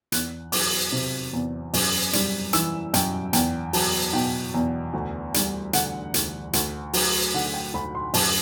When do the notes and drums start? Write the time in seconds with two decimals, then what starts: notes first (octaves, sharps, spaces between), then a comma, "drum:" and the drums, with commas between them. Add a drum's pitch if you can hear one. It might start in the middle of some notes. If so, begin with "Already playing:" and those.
0.12 E2 F#6, drum: hi-hat
0.52 F#3 D6, drum: open hi-hat
0.92 C3
1.33 E2
1.74 F#2, drum: open hi-hat
2.13 G3, drum: hi-hat
2.53 E3 E6, drum: hi-hat
2.94 F#2 G5, drum: hi-hat
3.33 E2 G5, drum: hi-hat
3.73 F#3 A5, drum: open hi-hat
4.13 B2 G5
4.54 E2
4.93 D2
5.34 G3, drum: hi-hat
5.73 D3 F#5, drum: hi-hat
6.14 D2, drum: hi-hat
6.53 D2, drum: hi-hat
6.93 F#3, drum: open hi-hat
7.34 D3 F#5
7.54 G5
7.74 D2 B5
7.95 C6
8.14 F#2 A5, drum: open hi-hat